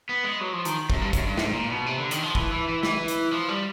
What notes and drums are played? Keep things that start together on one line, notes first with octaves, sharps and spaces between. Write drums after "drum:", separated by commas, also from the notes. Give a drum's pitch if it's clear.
B3
G#3
F#3
F3
D#3, drum: hi-hat
F#2, drum: kick
G2
F#2, drum: kick, hi-hat
G2
G#2, drum: snare
A#2
B2
C3
D3
D#3, drum: hi-hat
F3
E3, drum: kick
E3
E3
E3, drum: snare
drum: hi-hat
F3
G3